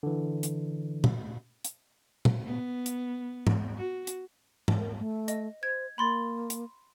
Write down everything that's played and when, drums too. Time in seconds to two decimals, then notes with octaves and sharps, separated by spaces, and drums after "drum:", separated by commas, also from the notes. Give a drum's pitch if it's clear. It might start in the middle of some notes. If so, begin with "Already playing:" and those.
0.03 D3 E3
0.43 drum: hi-hat
1.04 drum: tom A#2
1.65 drum: hi-hat
2.25 drum: tom A#2
2.46 B3
2.86 drum: hi-hat
3.47 drum: tom G#2
3.77 F#4
4.07 drum: hi-hat
4.68 drum: tom G#2
4.78 A#4
4.99 A3
5.28 D#5, drum: hi-hat
5.63 C5 G#6
5.98 A#3 B5 C6 A6
6.50 drum: hi-hat